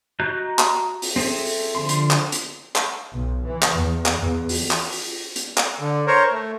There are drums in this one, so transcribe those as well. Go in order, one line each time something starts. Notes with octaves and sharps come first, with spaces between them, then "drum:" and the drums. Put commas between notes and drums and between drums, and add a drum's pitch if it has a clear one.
F#4 D#5 A#5 F#6 G6
drum: clap
drum: open hi-hat
C4 G#4 A4 E5
drum: open hi-hat
D3 F3 C6
drum: hi-hat
drum: clap
drum: hi-hat
drum: clap
B1
E3
drum: clap
E2
drum: clap
E2
drum: open hi-hat
drum: clap
drum: open hi-hat
drum: hi-hat
drum: clap
D3
A#4 C5 C#5
A3